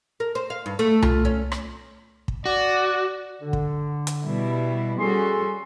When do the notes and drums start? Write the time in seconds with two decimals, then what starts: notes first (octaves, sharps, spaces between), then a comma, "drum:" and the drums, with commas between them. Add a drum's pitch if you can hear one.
0.20 A#4
0.35 C5
0.50 F5
0.66 G2
0.79 A3
1.02 F4, drum: tom C2
1.25 C#4
1.52 drum: rim click
2.28 drum: kick
2.46 F#4 D5
3.42 D3
3.53 drum: kick
4.07 drum: hi-hat
4.23 B2 G3 E4
4.99 G3 C#4 F#4 G#4 A4 C6